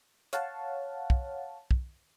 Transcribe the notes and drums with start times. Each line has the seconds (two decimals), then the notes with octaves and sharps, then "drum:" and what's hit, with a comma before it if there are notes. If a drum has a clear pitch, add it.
0.33 C#5 F5 F#5 A5, drum: hi-hat
1.10 drum: kick
1.71 drum: kick